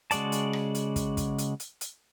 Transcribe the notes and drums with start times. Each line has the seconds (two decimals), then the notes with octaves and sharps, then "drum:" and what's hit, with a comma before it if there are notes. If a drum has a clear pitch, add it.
0.11 C#3 G#3 F#4 D5 A5, drum: hi-hat
0.32 drum: hi-hat
0.53 drum: rim click
0.75 drum: hi-hat
0.96 drum: kick, hi-hat
1.17 drum: kick, hi-hat
1.38 drum: hi-hat
1.60 drum: hi-hat
1.81 drum: hi-hat